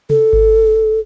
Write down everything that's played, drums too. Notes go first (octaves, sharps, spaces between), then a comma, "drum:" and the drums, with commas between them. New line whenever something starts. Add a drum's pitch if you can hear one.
A4, drum: tom C3
drum: kick G#1